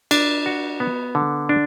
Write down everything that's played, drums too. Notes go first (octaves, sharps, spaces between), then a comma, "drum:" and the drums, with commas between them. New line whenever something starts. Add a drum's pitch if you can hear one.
D4, drum: cymbal
F#4
B3
D3
D4